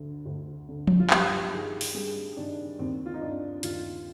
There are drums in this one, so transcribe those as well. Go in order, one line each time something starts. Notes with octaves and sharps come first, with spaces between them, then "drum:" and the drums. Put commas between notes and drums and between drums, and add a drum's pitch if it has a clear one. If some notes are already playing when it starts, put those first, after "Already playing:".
Already playing: D2 D3
D2
D3
drum: tom F3
F4
G2 G4, drum: clap
D#3 G#4
drum: open hi-hat
G2 G#4
D#3 D4
D#2 C4
F4
D#4
D#3 D4
D#2 F4, drum: hi-hat